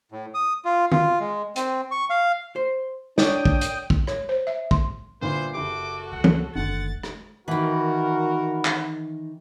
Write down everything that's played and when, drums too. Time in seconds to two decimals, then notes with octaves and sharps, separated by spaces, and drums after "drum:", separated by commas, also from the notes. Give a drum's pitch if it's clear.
0.12 A2
0.34 D#6
0.65 F4
0.92 F4, drum: tom D#3
1.20 G#3
1.56 C4, drum: hi-hat
1.91 C#6
2.10 F5
2.56 C5
3.18 D4 C#5 D5 G5 D#6, drum: snare
3.45 drum: kick
3.61 drum: hi-hat
3.90 drum: kick
4.07 C#5, drum: rim click
4.29 C5
4.47 E5
4.71 C6, drum: kick
5.21 G1 A#2 B3 E4 C5 C7
5.54 F#1 E4 F#4 G4 A4 D6
6.12 C#2 F#5
6.24 drum: tom E3
6.55 F#1 D#2 D3 A3 F#5 A6
7.03 drum: rim click
7.48 D#3 E3 D#4 F#4 A#4 F#5 B5
8.65 drum: clap